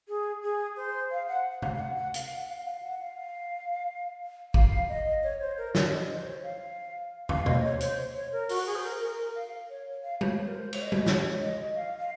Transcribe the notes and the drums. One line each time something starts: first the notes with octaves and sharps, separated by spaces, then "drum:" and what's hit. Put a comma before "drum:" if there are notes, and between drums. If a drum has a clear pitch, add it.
G#4
G#4
C5
F5
F#5
F5, drum: tom
F5
F#5
F#5
F5, drum: hi-hat
F#5
F#5
F5
F5
F#5
F5
F5, drum: kick
D#5
C#5
C5
A#4
C#5, drum: snare
D#5
C5
C5
C#5
F5
F5, drum: tom
D#5, drum: tom B2
C5
C#5
C5, drum: hi-hat
C#5
A#4
F#4, drum: open hi-hat
G#4
C5
A#4
A#4
A#4
F5
C#5
F5
C#5, drum: tom G#3
C5
A#4
C5
C#5, drum: cymbal
D#5
C#5, drum: tom G#3
C#5, drum: snare
D#5
F5
F5